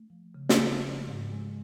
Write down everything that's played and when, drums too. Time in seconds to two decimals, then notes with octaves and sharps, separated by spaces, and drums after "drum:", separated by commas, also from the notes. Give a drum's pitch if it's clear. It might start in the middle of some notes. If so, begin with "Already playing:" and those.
Already playing: A3
0.10 F3
0.35 C#3
0.49 drum: snare
0.60 G#3
0.84 F3
1.07 G#2
1.32 G#3